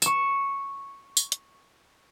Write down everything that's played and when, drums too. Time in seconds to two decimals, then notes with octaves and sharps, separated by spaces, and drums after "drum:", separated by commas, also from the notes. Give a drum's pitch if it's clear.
0.02 C#6 E7, drum: tambourine
1.17 drum: tambourine
1.32 drum: hi-hat